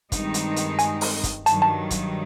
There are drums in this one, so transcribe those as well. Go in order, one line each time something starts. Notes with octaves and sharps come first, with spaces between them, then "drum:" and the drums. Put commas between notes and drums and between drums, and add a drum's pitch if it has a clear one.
G2 D#3 G#3 C4 D#4, drum: kick, hi-hat
drum: hi-hat
drum: hi-hat
G#5, drum: hi-hat
drum: open hi-hat
drum: kick, hi-hat
G2 D#3 F#3 A5, drum: hi-hat
A5
drum: kick, hi-hat